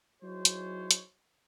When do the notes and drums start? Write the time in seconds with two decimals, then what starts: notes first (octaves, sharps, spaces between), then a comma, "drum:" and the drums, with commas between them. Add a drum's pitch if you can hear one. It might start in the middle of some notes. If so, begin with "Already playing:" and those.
0.22 F#3 D#4 E4 G#4 C5 C#5
0.45 drum: hi-hat
0.91 drum: hi-hat